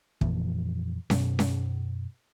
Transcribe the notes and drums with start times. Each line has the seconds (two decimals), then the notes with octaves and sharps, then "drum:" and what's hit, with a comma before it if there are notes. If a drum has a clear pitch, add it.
0.21 F2 A#2 E3 F3, drum: kick
1.10 F#2 B2, drum: snare C#4
1.39 drum: snare C#4